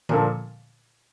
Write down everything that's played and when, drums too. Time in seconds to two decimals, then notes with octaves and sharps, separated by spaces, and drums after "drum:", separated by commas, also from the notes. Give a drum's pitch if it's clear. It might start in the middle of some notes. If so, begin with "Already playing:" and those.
0.09 A#2 F3 A#3 D4 A4, drum: tom D3